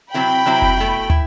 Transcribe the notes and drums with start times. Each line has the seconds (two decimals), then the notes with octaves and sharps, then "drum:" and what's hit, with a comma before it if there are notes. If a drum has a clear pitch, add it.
0.13 C3 F#3 C4 E4 G5 B5
0.46 C3 F#3 C4 E4
0.62 drum: kick F1
0.77 B2 A3 E4
1.10 E4, drum: tom